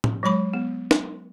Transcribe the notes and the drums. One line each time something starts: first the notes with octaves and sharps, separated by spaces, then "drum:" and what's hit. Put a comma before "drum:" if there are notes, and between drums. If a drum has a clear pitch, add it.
drum: tom A2
F#3 G#3 C#5 B5 D6
B3
drum: snare